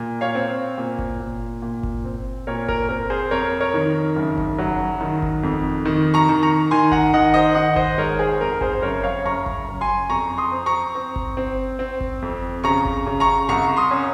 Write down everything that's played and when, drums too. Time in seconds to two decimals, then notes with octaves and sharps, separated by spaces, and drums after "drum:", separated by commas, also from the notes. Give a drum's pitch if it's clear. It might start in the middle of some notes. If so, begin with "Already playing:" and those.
Already playing: A#2
0.21 C#5 F5
0.35 C4
0.78 A#2
0.99 drum: kick G1
1.20 A#2
1.62 A#2
1.83 drum: kick G1
2.05 C4
2.47 A#2 A#4 C#5
2.68 A#4, drum: kick G1
2.89 C4 A#4
3.10 G#4 C5
3.31 F2 A#4 C#5
3.60 A#4 C#5
3.74 D#3
4.16 F#1
4.38 drum: kick G1
4.59 F#3
5.01 D#3
5.22 drum: kick G1
5.43 F2
5.85 D#3
6.14 A#5 C#6
6.29 D#3
6.43 A#5 C#6
6.71 D#3 G#5 C6
6.92 F#5 A#5, drum: kick G1
7.14 D#3 D#5 F#5
7.34 C5 D#5
7.55 D#3 D#5 F#5
7.76 C5 D#5, drum: kick G1
7.97 G#3 A#4 C#5
8.19 G#4 C5
8.41 F2 A#4
8.61 G#4 C5, drum: kick G1
8.73 C5
8.82 F#1 A#4 C#5
9.03 C#5 F5
9.25 F#1 A#5 C#6
9.46 drum: kick G1
9.68 F#1
9.81 G#5 C6
10.10 F2 A#5 C#6
10.38 C6 D#6
10.52 C4
10.66 A#5 C#6
10.95 C4
11.16 drum: kick G1
11.37 C4
11.79 C4
12.01 drum: kick G1
12.22 F2
12.64 C#3 A#5 C#6
12.85 drum: kick G1
13.07 C#3
13.20 A#5 C#6
13.49 C2 A#5 C#6
13.77 C6 D#6
13.91 C#4